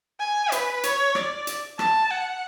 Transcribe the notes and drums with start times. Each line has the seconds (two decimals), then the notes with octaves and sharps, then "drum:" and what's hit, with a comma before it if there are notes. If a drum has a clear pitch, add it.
0.20 G#5
0.52 B4, drum: hi-hat
0.83 C#5, drum: hi-hat
1.15 D5, drum: rim click
1.47 drum: hi-hat
1.79 A5, drum: rim click
2.10 F#5